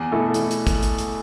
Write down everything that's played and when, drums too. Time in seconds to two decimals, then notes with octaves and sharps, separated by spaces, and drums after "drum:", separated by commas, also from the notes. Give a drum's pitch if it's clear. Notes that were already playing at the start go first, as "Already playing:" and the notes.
Already playing: E2
0.11 B2 A3 E4 A4
0.34 E2, drum: hi-hat
0.51 drum: hi-hat
0.67 drum: kick, hi-hat
0.83 drum: hi-hat
0.98 drum: hi-hat